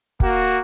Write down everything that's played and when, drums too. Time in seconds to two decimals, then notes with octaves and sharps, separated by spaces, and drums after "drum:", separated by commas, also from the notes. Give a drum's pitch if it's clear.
0.20 A#3 F#4, drum: kick